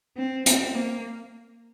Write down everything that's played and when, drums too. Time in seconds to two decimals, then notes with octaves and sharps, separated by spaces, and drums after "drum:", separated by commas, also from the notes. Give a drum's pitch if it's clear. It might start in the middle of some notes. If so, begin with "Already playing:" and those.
0.17 C4
0.46 C4, drum: hi-hat
0.75 A#3